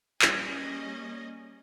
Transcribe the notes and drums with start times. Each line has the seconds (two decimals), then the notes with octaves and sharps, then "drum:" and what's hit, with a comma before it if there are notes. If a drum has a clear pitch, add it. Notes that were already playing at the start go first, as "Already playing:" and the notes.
0.22 G3 A#3 C#4 G#4 D#5, drum: clap